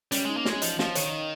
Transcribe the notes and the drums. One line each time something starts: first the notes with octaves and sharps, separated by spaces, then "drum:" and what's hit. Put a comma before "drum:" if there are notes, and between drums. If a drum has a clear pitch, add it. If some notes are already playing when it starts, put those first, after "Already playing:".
G3 C#4, drum: hi-hat
G#3 D#4
A#3
G#3 C#5, drum: snare
F3 D#5, drum: hi-hat
F3 F5, drum: snare
D#3 C#5, drum: hi-hat
D#5